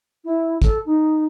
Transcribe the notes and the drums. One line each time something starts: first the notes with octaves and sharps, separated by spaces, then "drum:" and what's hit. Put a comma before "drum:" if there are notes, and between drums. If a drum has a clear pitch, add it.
E4
A4, drum: kick, hi-hat
D#4